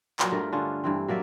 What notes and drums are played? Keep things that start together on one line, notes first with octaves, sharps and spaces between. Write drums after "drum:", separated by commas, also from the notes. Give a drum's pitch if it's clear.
F#3 A#3 D4 F4, drum: clap
G2 A3 A#4
D3 C#4 D4 F4
G2 E3 C4
F#3 A#3 D5 E5